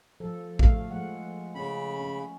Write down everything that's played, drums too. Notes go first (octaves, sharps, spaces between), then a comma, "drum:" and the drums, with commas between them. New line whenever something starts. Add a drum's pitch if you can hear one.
F3 A4
A3 F5, drum: kick
F3 G#3 F#5
C#3 C#4 B5
C#4